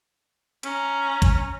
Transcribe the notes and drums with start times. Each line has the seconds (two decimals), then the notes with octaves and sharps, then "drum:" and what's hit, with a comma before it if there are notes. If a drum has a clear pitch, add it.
0.63 C#4 A#5, drum: hi-hat
1.22 drum: kick G#1, hi-hat